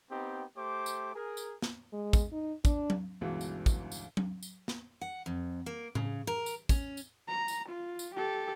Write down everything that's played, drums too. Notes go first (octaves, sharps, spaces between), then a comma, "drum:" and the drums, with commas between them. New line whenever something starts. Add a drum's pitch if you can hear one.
B3 C4 D#4 G4
A3 G4 C5 D6
drum: tambourine
G#4 A#4
drum: tambourine
drum: snare
G#3
drum: kick, tambourine
D#4
D4, drum: kick, tambourine
drum: tom F#3
G1 C#2 B2 E3 F#3
drum: tambourine
drum: kick, tambourine
drum: tambourine
drum: tom F#3
drum: tambourine
drum: snare
F#5
F2
A#3
C#3, drum: tom A2
A#4
drum: tambourine
C#4, drum: kick, tambourine
drum: tambourine
A#5
drum: tambourine
F4
drum: tambourine
G4 A4